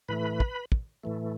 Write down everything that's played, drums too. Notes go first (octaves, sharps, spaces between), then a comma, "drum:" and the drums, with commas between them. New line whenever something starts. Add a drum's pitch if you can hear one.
A2 E3 A3 B4 B5
drum: kick
drum: kick
A2 E3 A3